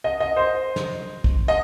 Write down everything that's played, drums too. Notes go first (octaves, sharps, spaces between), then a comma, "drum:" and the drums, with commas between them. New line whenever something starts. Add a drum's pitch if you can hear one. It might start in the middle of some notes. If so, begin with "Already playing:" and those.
D#5
D#5
C5
drum: snare
drum: kick
D#5